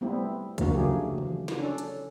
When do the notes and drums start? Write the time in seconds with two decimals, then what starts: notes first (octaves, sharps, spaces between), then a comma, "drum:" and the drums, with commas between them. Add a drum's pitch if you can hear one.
0.01 G3 A3 B3 C4 E4
0.58 D3 E3 F3 A3 A#3 F#4, drum: kick C#2, hi-hat
0.74 C#3 F#3 A3 A#3 G4 G#4
1.18 drum: tom D#3
1.48 drum: snare
1.57 C#4 D4 A4
1.78 drum: hi-hat